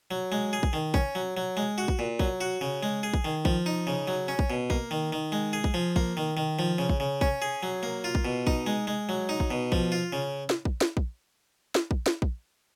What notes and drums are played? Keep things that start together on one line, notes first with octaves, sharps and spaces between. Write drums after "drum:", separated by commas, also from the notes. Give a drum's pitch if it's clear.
F#3
G#3
G#4
drum: kick
D#3
C#4, drum: kick
F#3
F#3
G#3
F#4
drum: kick
A#2
F#3, drum: kick
F#4
C#3
G#3
G#4
drum: kick
D#3
F3, drum: kick
D#4
C#3
F#3
C#4
drum: kick
B2
A#3, drum: kick
D#3
D#3
G#3
G#4
drum: kick
F3
A#3, drum: kick
D#3
D#3
F3
C#3
drum: kick
C#3
C#4, drum: kick
G#4
F#3
A#3
F4
drum: kick
B2
D#4, drum: kick
G#3
G#3
F#3
D#4
drum: kick
B2
F3, drum: kick
F4
C#3
drum: snare
drum: kick
drum: snare
drum: kick
drum: snare
drum: kick
drum: snare
drum: kick